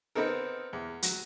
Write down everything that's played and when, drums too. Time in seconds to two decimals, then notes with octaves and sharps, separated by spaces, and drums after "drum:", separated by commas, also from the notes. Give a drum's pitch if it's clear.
0.15 B3 C4 D#4 A4 A#4
0.73 E2
1.02 F#3, drum: hi-hat